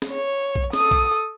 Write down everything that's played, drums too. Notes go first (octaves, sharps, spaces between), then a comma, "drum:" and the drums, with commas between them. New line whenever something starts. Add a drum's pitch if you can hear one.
drum: snare
C#5
drum: kick A#1
A4 D#6, drum: snare
drum: kick A#1